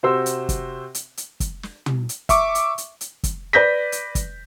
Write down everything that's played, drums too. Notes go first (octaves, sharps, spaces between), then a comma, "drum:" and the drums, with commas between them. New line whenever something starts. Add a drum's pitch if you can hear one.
C3 F#4 C5 C6 E6
drum: hi-hat
drum: kick, hi-hat
drum: hi-hat
drum: hi-hat
drum: kick, hi-hat
drum: snare
drum: tom
drum: hi-hat
E5 C#6 D6, drum: kick, hi-hat
drum: hi-hat
drum: hi-hat
drum: hi-hat
drum: kick, hi-hat
B4 D5 G6 A#6 B6
drum: hi-hat
drum: kick, hi-hat